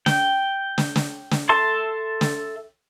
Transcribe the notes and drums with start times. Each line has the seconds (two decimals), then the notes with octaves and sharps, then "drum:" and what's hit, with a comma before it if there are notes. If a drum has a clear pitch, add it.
0.06 G5, drum: snare
0.78 drum: snare
0.96 drum: snare
1.31 drum: snare
1.49 A4 E5 A5 C6
2.21 drum: snare